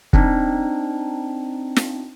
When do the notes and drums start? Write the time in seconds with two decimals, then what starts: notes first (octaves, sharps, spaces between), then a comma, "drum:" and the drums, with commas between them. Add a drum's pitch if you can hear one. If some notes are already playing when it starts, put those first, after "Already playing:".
0.13 C4 D4 D#4, drum: kick
1.77 drum: snare